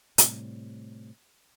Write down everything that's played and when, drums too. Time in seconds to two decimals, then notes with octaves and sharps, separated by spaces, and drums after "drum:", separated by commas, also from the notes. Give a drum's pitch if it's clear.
0.18 A2 C3 G3, drum: hi-hat